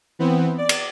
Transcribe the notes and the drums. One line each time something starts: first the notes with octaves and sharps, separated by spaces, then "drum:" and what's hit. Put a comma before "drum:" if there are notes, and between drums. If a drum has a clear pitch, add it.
E3 B3 C4
D5
drum: cymbal